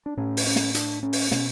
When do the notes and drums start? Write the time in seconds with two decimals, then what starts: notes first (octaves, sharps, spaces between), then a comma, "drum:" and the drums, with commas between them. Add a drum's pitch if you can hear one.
0.06 D4
0.17 A2 C#4
0.37 drum: open hi-hat
0.47 C#4
0.56 drum: snare
0.75 D4, drum: hi-hat
1.03 C#4
1.13 drum: open hi-hat
1.31 B2 C#4, drum: snare